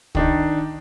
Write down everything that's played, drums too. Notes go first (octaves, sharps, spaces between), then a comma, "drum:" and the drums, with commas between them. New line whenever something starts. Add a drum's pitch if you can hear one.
D#3 D4 D#4, drum: kick